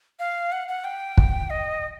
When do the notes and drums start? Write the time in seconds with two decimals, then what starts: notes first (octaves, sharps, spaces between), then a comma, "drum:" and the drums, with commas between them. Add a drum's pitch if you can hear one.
0.19 F5
0.52 F#5
0.68 F#5
0.84 G5
1.18 drum: kick
1.50 D#5